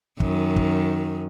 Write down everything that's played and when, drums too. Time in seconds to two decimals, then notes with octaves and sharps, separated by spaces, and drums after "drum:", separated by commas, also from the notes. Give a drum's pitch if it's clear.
0.20 F#2 D#3, drum: kick
0.56 drum: kick